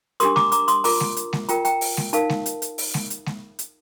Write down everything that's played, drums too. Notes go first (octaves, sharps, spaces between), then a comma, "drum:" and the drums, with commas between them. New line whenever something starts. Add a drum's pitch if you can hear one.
D4 G4 A#4 C6 D#6, drum: hi-hat
A#5 D6, drum: snare G#3
A#5 D6, drum: hi-hat
C6 D#6, drum: hi-hat
F4 A#4 A#5 D6, drum: open hi-hat
drum: snare G#3
drum: hi-hat
drum: snare G#3
F4 A#4 G5 A#5, drum: hi-hat
G5 A#5, drum: hi-hat
drum: open hi-hat
drum: snare G#3
D#4 A#4 F5 A5, drum: hi-hat
drum: snare G#3
drum: hi-hat
drum: hi-hat
drum: open hi-hat
drum: snare G#3
drum: hi-hat
drum: snare G#3
drum: hi-hat